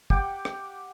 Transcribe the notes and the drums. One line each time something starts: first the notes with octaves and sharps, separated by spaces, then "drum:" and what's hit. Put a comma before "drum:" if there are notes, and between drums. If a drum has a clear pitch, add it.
G4 F#5 G5 D6, drum: kick
drum: rim click